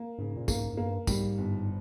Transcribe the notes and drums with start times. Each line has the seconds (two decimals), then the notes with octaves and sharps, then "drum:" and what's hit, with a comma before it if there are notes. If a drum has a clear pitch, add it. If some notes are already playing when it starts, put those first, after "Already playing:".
Already playing: A#3
0.18 G#2 C#3
0.36 A#2
0.48 G#2 A#3, drum: kick, tambourine
0.73 G#2
0.77 G2 A#3
1.07 G#2 G3, drum: kick, tambourine
1.38 G1